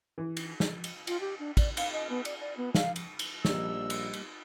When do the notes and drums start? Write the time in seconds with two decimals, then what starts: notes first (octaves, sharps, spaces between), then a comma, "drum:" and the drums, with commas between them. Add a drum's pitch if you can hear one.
0.18 E3
0.37 drum: cymbal
0.60 drum: snare
0.84 drum: cymbal
1.07 F4, drum: cymbal
1.21 G4
1.39 D4
1.57 D5, drum: kick, cymbal
1.77 F5, drum: cymbal
1.92 D#5
2.09 B3
2.25 D5, drum: cymbal
2.41 D5
2.57 B3
2.75 F5, drum: snare
2.96 drum: cymbal
3.19 drum: cymbal
3.45 A#1 G3 A#3 D#5 E6, drum: snare
3.90 drum: cymbal
4.13 drum: cymbal